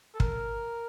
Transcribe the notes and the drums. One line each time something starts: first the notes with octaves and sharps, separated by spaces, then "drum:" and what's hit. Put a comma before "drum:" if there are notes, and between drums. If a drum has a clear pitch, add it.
A4
A#4, drum: kick